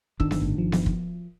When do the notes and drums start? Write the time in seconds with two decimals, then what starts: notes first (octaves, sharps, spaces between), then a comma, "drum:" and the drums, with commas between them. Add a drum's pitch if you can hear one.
0.20 G1 D#3 D4 E6, drum: kick
0.31 drum: snare B3
0.41 G#1 A2
0.58 F3
0.72 drum: snare B3
0.86 drum: kick